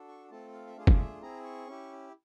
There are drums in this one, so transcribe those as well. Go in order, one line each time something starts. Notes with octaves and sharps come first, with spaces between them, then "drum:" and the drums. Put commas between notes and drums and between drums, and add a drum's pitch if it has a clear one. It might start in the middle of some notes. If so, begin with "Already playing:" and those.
Already playing: D4 F#4 A4
C#6
A3 C4 F4 A4 A5
F5
E5
A3 D4 F4 G#4 F5
F5, drum: kick
E5
C4 E4 G#4 A#5
C#6
C#4 E4 G4